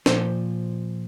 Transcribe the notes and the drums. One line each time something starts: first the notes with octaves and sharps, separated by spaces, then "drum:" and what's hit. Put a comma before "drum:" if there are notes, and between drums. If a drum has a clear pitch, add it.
A#2 F3 C5, drum: snare